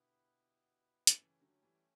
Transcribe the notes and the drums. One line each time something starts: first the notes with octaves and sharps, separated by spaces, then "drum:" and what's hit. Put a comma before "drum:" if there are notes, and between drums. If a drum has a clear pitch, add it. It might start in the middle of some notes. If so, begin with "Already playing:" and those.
Already playing: B2 D3 B3 E4 G4 B4
drum: hi-hat
C#3 E3 A3 C#4 G4
D3 F#3
E3 G3